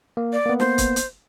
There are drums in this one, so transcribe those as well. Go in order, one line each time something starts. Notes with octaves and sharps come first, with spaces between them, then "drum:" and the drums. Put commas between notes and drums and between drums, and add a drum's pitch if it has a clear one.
A#3
D5
A#3 B3
C5, drum: snare
drum: kick, hi-hat
drum: hi-hat